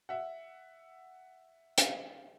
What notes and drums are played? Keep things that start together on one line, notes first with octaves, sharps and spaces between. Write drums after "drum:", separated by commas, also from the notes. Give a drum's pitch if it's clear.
E5 F#5
drum: hi-hat